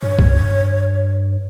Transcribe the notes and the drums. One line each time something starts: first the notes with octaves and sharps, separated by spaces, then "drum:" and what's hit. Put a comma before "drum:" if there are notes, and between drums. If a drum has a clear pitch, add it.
G2 C#5
drum: kick